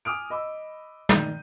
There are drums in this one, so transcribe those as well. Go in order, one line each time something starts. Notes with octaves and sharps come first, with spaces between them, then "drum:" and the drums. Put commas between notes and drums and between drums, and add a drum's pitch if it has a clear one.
G#5 D6 D#6 F6 D7
D#5 B5 D6 E6
D#3 D5 G6 D#7, drum: snare